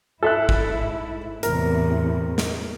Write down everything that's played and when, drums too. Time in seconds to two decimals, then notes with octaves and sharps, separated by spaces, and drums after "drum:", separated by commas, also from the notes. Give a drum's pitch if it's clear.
0.23 G#2 E4 A4 E5 F#6
0.49 drum: kick
1.43 E2 A2 C3 A#4, drum: hi-hat
2.38 drum: snare